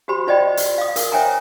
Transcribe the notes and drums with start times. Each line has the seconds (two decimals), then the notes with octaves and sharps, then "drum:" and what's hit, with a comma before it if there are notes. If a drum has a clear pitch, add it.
0.08 F#4 G4 C5 B5
0.27 F4 C5 D5 D#5 G5 B5
0.57 drum: hi-hat
0.78 F5 D#6
0.96 A#4, drum: hi-hat
1.12 C5 C#5 E5 G5 G#5 A#5